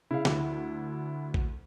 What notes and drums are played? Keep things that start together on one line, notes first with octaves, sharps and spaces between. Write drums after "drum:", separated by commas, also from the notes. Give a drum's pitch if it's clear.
C#3 E4 F5
D2, drum: snare
drum: kick A#1